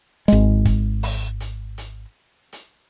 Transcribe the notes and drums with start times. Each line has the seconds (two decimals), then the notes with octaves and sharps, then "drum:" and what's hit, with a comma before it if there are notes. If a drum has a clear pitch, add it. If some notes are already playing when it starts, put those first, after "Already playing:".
0.28 G#1 G#3, drum: hi-hat
0.65 drum: kick, hi-hat
1.03 drum: open hi-hat
1.40 drum: hi-hat
1.78 drum: hi-hat
2.53 drum: hi-hat